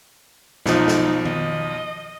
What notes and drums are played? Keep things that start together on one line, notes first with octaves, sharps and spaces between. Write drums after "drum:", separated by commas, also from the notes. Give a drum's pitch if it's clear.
B1 F3 D#4, drum: snare
drum: snare
D#5, drum: tom D#3